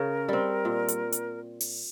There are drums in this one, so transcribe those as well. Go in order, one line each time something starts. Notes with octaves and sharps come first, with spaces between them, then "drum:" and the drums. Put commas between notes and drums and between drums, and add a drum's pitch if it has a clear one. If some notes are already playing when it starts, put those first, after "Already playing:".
Already playing: C#3 C#4 A#4
G3 C4
A#2
drum: hi-hat
drum: hi-hat
drum: open hi-hat